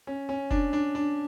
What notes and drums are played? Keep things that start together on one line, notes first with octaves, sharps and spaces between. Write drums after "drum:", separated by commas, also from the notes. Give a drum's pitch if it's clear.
C#4
C#4
D4, drum: kick F1
D4
D4